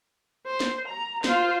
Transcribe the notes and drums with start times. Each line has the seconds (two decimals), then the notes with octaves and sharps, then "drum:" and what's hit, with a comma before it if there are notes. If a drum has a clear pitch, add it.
0.47 C5
0.60 drum: snare
0.88 A#5
1.24 F4 C5, drum: snare